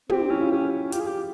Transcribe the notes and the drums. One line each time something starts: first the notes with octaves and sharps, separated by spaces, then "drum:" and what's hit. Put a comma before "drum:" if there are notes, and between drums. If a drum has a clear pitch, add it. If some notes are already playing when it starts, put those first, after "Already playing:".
C4 G4, drum: tom
C#4 E4
F4
C#4 G4
C#4
F4 G4, drum: hi-hat
G#4
G4